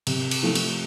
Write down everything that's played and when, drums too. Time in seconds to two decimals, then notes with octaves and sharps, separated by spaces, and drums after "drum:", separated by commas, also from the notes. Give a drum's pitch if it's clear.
0.07 C3, drum: cymbal
0.31 drum: cymbal
0.43 F3 A3
0.55 drum: cymbal